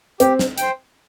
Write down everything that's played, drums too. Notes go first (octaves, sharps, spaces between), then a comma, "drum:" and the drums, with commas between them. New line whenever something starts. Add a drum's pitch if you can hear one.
C4 G4, drum: hi-hat
drum: snare
C5 G5, drum: hi-hat